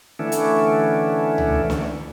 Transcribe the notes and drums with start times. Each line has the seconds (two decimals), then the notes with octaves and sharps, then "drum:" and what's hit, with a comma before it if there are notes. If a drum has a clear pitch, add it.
0.19 D3 E3 A3 C#4 D4 E4
0.32 drum: hi-hat
1.38 drum: tom C#2
1.70 drum: snare